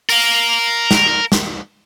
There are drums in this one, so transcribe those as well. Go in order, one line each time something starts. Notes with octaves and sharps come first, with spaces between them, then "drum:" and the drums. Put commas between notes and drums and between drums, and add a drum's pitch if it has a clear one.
A#4 F5, drum: open hi-hat
drum: snare
drum: snare